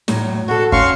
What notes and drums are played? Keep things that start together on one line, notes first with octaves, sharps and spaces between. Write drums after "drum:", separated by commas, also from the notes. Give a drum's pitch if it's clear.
E2 A2 F#3, drum: snare
B2 F#4 A4
C#4 F#4 F5 C6 C#6, drum: kick